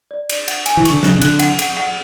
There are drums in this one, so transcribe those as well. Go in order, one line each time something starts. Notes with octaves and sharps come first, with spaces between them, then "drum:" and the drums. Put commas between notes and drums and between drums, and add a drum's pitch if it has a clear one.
D5
D5, drum: cymbal
F#5, drum: cymbal
G#5, drum: cymbal
E3
D3 C#6, drum: cymbal
C#3 F#6, drum: snare
C#3
D3 F#6, drum: cymbal
F#5, drum: cymbal
F#5, drum: cymbal
F#5